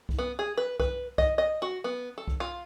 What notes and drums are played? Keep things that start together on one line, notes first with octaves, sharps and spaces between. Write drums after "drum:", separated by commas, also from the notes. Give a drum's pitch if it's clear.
drum: kick C2
B3
G#4
B4
B4, drum: kick C2
D#5, drum: kick C2
D#5
F#4
B3
A4
drum: kick C2
F4